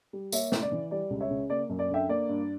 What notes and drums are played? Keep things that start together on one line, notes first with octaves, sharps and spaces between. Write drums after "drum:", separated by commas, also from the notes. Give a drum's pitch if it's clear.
G3
A#3 C#5 E5, drum: tambourine
C#3, drum: snare
D5
E3
G3 D5
C#2
C#5 E5
C#3
A#3 D5
F#2
D5
D3 E5 G5
A#3 D5
G2